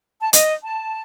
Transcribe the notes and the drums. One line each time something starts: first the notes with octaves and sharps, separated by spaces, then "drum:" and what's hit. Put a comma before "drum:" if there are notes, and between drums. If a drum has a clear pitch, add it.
A5
D#5, drum: hi-hat
A5